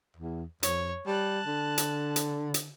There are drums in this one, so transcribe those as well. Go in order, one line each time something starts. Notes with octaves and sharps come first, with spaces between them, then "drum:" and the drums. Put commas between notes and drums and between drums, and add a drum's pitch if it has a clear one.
E2
F2 C#5, drum: hi-hat
G3 A5 F#6
D3
drum: hi-hat
drum: hi-hat
drum: hi-hat